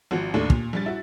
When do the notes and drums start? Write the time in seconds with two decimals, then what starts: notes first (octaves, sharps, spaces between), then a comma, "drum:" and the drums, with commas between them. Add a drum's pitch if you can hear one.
0.11 G#1 F3 F#4
0.34 D#2 A2 A3 D4
0.50 A#2, drum: kick
0.73 A#1 G3 A6
0.86 E4 F#4